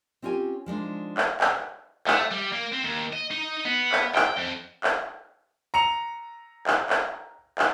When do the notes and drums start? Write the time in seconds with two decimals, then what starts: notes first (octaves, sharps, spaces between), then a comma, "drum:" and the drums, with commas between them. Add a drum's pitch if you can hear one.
0.22 C4 C#4 F4 G4 G#5
0.66 F3 G#3 D4 D#4
1.18 drum: clap
1.40 drum: clap
2.07 A3, drum: clap
2.31 G3
2.52 A#3
2.72 C4
2.84 D#2
3.13 D#5
3.31 D#4
3.65 B3
3.92 drum: clap
4.15 G5, drum: clap
4.36 F2
4.84 drum: clap
5.74 A#5 C#7 F7
6.67 drum: clap
6.90 drum: clap
7.59 drum: clap